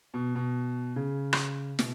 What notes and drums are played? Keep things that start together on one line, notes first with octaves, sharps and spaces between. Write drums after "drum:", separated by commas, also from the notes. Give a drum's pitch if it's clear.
B2
B2
C#3
drum: rim click
B2, drum: snare